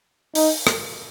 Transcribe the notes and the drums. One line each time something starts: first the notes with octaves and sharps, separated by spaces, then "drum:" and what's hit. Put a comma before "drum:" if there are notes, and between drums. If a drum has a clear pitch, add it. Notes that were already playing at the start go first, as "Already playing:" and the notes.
D#4, drum: open hi-hat
drum: rim click